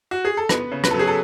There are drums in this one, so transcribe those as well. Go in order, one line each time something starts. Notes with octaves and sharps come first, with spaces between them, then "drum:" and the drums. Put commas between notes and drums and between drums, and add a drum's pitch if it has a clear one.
F#4
G#4
A4
B3 B4, drum: rim click
C#3
B4, drum: rim click
A4
F#3 G#4
A4